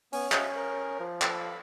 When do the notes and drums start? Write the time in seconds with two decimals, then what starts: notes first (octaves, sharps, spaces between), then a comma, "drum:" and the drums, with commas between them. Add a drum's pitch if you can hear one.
0.13 B3 C#4 G#5, drum: open hi-hat
0.32 F#4 D#5 E5, drum: clap
0.55 A#4
1.00 F3
1.22 A4 F5 B5, drum: clap